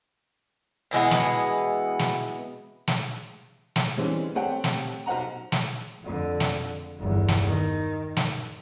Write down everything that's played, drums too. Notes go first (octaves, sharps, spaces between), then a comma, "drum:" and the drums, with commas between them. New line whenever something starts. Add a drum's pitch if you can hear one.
B2 E3 G#3 B3
drum: snare
drum: snare
drum: snare
drum: snare
D3 E3 G3 G#3 C4 C#4
A3 C4 G4 C#5 F#5 G5
drum: snare
B1 C5 F#5 A#5
drum: snare
F2 D3
drum: snare
G1 E2
drum: snare
D#3
drum: snare